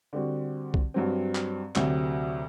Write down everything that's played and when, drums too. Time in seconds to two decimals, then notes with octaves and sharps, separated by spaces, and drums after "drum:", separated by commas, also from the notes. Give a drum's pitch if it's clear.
0.13 D3 G3 C4 F#4
0.74 drum: kick
0.94 G2 F#3 C4
1.35 drum: clap
1.76 D2 C3 F#3 C4, drum: clap